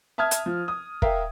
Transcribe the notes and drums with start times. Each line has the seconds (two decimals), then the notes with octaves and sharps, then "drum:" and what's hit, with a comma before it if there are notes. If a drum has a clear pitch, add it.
0.18 E5 A5 D#6 F6 G#6
0.31 drum: hi-hat
0.46 F3
0.68 D#6
1.02 A#4 E5 F5 G5, drum: kick